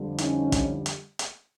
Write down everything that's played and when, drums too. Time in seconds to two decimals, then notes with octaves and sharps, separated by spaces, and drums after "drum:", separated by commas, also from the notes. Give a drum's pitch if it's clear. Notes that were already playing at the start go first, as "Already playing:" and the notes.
Already playing: F2 D3 G3
0.18 C#4 D#4, drum: hi-hat
0.52 drum: kick, hi-hat
0.86 drum: hi-hat
1.19 drum: hi-hat